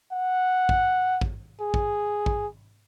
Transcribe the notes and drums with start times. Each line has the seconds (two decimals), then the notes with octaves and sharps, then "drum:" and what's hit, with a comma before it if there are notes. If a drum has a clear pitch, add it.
0.13 F#5
0.69 drum: kick
1.21 drum: kick
1.61 G#4
1.74 drum: kick
2.26 drum: kick